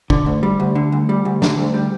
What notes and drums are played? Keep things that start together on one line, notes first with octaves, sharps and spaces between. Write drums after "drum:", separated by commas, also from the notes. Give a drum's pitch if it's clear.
D3, drum: kick
D2
G3
D2
D3
D2
G3
D2
D3, drum: snare
D2
G3